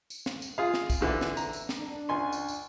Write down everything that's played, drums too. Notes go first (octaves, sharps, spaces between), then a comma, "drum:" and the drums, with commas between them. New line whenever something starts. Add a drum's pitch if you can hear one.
drum: tambourine
drum: snare
drum: tambourine
F4 G#4 F5
drum: snare
drum: kick, tambourine
A#2 D3 E3
drum: snare
A#5, drum: tambourine
drum: tambourine
drum: snare
D4
C#2 G#5 C6
drum: tambourine
drum: tambourine